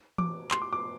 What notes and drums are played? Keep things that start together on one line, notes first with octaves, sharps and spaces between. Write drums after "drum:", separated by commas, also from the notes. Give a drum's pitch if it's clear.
D6, drum: tom E3
C6, drum: clap
D6
D6